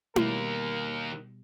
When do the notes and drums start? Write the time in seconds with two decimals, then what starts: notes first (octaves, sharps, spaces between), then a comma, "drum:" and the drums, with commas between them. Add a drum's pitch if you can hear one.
0.16 B2 D#3 G3 A#3 A#4, drum: tom E4